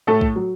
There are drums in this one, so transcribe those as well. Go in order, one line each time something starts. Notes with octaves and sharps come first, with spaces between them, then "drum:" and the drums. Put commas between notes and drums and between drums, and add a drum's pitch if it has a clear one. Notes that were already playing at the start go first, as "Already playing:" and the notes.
A2 A3 A4
drum: kick
F#3